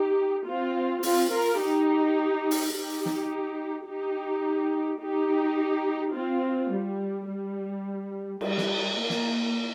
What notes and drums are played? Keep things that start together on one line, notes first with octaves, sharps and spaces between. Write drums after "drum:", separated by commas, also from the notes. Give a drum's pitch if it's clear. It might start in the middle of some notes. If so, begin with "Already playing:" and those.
Already playing: D#4 G4
C4 F4
C4 F4, drum: open hi-hat
F4 A#4
D#4 G4
drum: open hi-hat
D#4 G4
drum: snare
D#4 G4
D#4 G4
C4 F4
G3
G3
G3, drum: cymbal
drum: snare
A#3
drum: snare